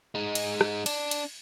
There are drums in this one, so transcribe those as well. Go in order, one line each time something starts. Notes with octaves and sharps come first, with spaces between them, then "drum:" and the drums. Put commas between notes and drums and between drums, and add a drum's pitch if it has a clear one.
G#3 D#4
drum: cymbal
drum: rim click
D4, drum: cymbal
drum: cymbal